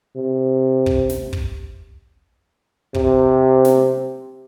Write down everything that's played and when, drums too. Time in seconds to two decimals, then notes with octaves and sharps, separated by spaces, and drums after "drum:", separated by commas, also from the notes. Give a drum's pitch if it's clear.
0.16 C3
0.86 drum: kick
1.09 drum: snare
1.33 drum: kick
2.94 C3, drum: kick
3.65 drum: snare